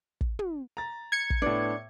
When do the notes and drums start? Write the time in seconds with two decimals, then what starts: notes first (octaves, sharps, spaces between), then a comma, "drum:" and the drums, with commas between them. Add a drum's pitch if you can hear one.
0.21 drum: kick
0.39 drum: tom
0.77 A#5 A6
1.12 G#6 C#7
1.30 drum: kick
1.42 A2 B3 D4